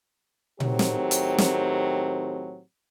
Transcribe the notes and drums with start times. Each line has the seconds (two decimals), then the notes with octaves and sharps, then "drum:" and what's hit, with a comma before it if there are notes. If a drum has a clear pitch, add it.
0.60 A2 D#3 F#3 C4 G4, drum: tom A#2
0.79 drum: snare
1.11 drum: hi-hat
1.38 drum: snare